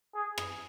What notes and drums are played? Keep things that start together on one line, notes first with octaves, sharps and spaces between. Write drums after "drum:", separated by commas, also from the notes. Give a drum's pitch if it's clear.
G#4
drum: rim click